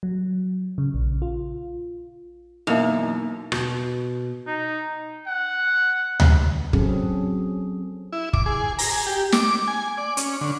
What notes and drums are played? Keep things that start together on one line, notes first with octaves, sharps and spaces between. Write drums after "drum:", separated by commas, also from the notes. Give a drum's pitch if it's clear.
F#3
C#3
A#1
F4
F#2 B2 E3 A#3 D#4
B2 G6, drum: rim click
D#4
F#5
drum: tom D2
F#3 C4 C#4 G#4 A4, drum: kick
E4
D6, drum: kick
G#4
A#5, drum: open hi-hat
G#5
G4
D6, drum: snare
G#5
D5
C#4, drum: hi-hat
D3